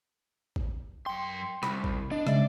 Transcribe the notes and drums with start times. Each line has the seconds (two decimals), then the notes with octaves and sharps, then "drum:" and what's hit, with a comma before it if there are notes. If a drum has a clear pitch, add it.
0.56 drum: kick
1.06 F#2 G5 C6
1.63 C2 B5, drum: rim click
1.84 drum: kick
2.11 D4 D#5
2.27 C#3 G#3 D5 E5, drum: rim click